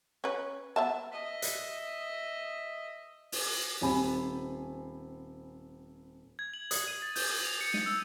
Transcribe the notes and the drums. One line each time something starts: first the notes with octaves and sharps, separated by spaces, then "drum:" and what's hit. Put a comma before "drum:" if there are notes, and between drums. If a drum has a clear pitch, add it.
C#4 B4
B3 E5 A5
D#5 E5
drum: hi-hat
drum: open hi-hat
D#1 C4 G#5 B5
G#6
F#7
D#6, drum: hi-hat
D#7
A6
G6, drum: open hi-hat
F7
C#7
D#7, drum: snare
E6